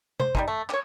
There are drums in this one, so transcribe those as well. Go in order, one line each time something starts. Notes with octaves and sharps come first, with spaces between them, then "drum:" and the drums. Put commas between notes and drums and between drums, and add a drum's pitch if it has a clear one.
C5, drum: tom C3
G3 G#3 D#4, drum: kick
A3
G4 C#5, drum: clap